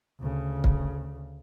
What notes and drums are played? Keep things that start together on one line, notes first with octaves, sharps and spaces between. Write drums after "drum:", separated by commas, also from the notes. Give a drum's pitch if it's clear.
D2 C#3
drum: kick